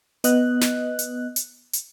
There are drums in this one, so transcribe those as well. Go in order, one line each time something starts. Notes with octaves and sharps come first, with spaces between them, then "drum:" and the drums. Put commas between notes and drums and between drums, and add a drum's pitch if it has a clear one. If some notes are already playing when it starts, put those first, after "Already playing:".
B3 D#5 F#6, drum: hi-hat
drum: snare
drum: hi-hat
drum: hi-hat
drum: hi-hat